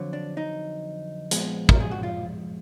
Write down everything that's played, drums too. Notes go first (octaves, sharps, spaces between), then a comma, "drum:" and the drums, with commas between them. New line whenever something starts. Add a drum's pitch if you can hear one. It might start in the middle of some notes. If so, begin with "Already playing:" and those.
Already playing: F2 D3 F#3
D4
D#4
A#2 F3 G#3 B3, drum: hi-hat
A#4, drum: kick
G#4
F#4
F4